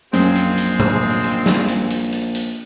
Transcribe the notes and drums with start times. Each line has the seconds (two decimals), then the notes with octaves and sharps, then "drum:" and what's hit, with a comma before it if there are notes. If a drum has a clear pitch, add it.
0.13 A#1 F#2 G#3 C4 F4, drum: hi-hat
0.35 drum: hi-hat
0.57 drum: hi-hat
0.80 drum: tom B2
1.02 drum: open hi-hat
1.24 drum: hi-hat
1.46 drum: snare
1.68 drum: hi-hat
1.90 drum: hi-hat
2.12 drum: hi-hat
2.35 drum: hi-hat